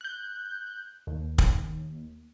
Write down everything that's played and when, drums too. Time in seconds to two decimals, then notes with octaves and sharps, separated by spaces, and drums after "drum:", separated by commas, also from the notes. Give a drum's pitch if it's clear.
0.01 F#6 G6
1.07 D#2
1.38 drum: kick